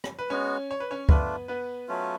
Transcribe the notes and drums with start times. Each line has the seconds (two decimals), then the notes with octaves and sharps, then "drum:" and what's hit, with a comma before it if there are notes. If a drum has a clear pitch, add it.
0.04 drum: rim click
0.19 B4
0.30 G#3 B3 C#4 F#4 C#5
0.71 C#5
0.80 B4
0.91 C#4 C#5
1.09 A3 B3 D4 F4 B4, drum: kick
1.48 B3 B4
1.88 F#3 A3 C#4 F4